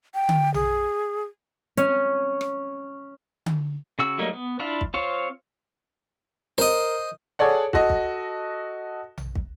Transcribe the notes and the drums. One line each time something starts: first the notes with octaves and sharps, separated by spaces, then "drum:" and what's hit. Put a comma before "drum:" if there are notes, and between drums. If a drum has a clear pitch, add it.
G5
drum: tom D3
G#4, drum: tom A#1
C#4, drum: hi-hat
drum: rim click
drum: tom D3
C#3 F#4 E6
F#3 G3 A3 A#3 D#4
B3
D4 E4 F4 F5
drum: kick
C4 F4 C5 C#5 F5
A#4 C5 D#5, drum: snare
G#4 A4 C#5 D5 F#5
F#4 A4 D#5, drum: kick
drum: kick
drum: tom A#1
drum: kick